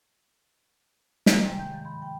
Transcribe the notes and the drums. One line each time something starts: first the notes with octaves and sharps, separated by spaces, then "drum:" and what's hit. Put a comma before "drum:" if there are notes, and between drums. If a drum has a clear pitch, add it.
A#3 D4, drum: snare
G#2 C3 D#3 G3 G#3
G5 A#5 G6
G2 D#3 F3
B5 C6 G6
G5